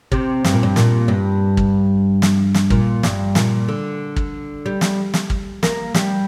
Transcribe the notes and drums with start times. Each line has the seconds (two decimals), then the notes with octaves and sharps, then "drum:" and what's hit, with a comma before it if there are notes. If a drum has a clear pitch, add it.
0.12 C3, drum: kick
0.45 G2, drum: snare
0.53 A#2
0.63 G2
0.76 A#2, drum: snare
1.08 G2
1.57 drum: kick
2.22 drum: snare
2.54 drum: snare
2.70 A#2, drum: kick
3.03 G2, drum: snare
3.35 A#2, drum: snare
3.68 D3
4.16 drum: kick
4.66 G3
4.81 drum: snare
5.14 drum: snare
5.30 drum: kick
5.63 A#3, drum: snare
5.95 G3, drum: snare